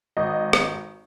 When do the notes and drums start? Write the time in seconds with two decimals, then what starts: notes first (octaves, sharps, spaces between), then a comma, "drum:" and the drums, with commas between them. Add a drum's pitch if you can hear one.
0.17 G#1 D#5
0.53 drum: rim click